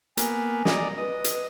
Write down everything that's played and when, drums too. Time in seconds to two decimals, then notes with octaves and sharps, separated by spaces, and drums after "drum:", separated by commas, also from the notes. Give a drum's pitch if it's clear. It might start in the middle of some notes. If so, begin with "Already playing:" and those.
0.17 A#3 B3 G#5, drum: hi-hat
0.65 D5 D#5 A#5, drum: snare
0.98 B4 D#5
1.24 drum: hi-hat